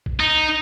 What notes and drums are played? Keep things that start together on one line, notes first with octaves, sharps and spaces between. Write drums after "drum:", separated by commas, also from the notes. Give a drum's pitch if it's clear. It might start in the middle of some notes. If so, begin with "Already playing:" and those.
drum: kick
D#4